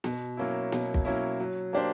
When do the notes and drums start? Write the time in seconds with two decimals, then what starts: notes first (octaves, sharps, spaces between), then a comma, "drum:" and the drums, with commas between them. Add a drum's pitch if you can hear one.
0.04 B2, drum: snare
0.37 F#3 A#3 C#4 E4
0.72 B2, drum: snare
0.94 drum: kick
1.05 F#3 A#3 C#4 E4
1.40 F#3
1.73 A#3 D4 G4 C5